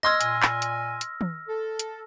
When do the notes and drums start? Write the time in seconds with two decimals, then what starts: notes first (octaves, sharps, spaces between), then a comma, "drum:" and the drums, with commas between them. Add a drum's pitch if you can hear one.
0.03 D#5 C6 E6 F6 G#6 A#6
0.21 A#2 G#5, drum: hi-hat
0.42 drum: clap
0.62 drum: hi-hat
1.01 drum: hi-hat
1.21 drum: tom
1.48 A4
1.79 drum: hi-hat